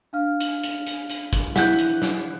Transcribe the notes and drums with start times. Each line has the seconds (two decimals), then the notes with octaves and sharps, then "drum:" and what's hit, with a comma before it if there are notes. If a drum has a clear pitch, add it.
0.13 D4 F5 F6
0.41 drum: hi-hat
0.64 drum: hi-hat
0.87 drum: hi-hat
1.10 drum: hi-hat
1.33 drum: kick, hi-hat
1.56 E3 F#5 F#6 G6, drum: snare
1.79 drum: hi-hat
2.02 drum: snare